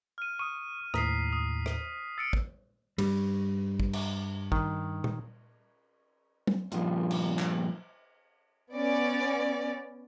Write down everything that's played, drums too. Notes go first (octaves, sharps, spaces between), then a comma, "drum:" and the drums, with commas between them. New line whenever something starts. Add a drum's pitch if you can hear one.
F6 D#7
C#6 D#6 D#7
D#2 A2 A#5 D#6 B6 C7, drum: rim click
D#6
drum: rim click
E6 F6 A6 C#7 D7
drum: kick
G2 G3, drum: cymbal
drum: kick
drum: cymbal
D#3, drum: kick
drum: tom A#2
drum: tom
G2 A#2 F3, drum: hi-hat
drum: cymbal
drum: clap
B3 C#4 D5